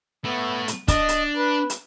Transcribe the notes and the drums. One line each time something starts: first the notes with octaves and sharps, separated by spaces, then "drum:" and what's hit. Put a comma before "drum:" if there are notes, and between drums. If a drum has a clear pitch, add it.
A3 B3 E4
drum: hi-hat
D4 D#5, drum: kick, hi-hat
drum: hi-hat
B4
drum: hi-hat